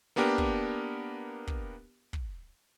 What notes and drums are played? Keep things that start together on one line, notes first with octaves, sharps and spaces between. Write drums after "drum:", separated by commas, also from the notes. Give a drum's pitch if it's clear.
A#3 B3 D4 G4 A#4
drum: kick
drum: kick
drum: kick